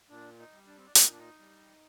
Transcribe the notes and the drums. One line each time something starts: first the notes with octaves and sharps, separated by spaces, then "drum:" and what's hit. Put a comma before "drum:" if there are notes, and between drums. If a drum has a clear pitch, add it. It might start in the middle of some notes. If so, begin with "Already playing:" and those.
A#2 D4
D#4
G3
D4
C4
D4
A#2 F#4, drum: hi-hat
D#4
D4
D#4
G3